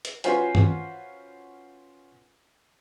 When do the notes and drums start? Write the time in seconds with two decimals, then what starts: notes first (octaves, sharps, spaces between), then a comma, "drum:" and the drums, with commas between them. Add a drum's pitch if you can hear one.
0.05 drum: hi-hat
0.24 C#4 F4 F#4 B4 C5 G#5, drum: hi-hat
0.55 drum: tom G2